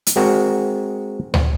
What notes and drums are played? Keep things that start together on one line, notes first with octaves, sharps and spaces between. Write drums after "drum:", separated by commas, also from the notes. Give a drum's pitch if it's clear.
drum: hi-hat
G#3 C4 F#4 A#4
drum: tom D2